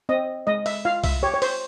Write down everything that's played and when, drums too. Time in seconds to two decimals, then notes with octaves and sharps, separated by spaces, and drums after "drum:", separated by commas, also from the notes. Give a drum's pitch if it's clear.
0.09 C4 D#5
0.47 G#3 D#5
0.66 E5, drum: open hi-hat
0.85 F4 F5
1.04 E5, drum: kick C2, open hi-hat
1.23 G4 C#5
1.34 C#5
1.42 C5, drum: open hi-hat